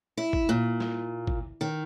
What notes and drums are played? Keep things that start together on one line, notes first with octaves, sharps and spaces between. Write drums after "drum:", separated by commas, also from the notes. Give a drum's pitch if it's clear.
E4
drum: kick G#1
A#2
drum: snare
drum: kick G#1
D#3